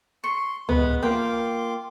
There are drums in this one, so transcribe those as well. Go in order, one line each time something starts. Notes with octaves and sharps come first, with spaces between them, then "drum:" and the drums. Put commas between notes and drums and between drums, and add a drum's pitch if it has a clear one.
C6 C#6
G#3 B3 B5, drum: tom C#2
A#3 F4 G5 C6 D6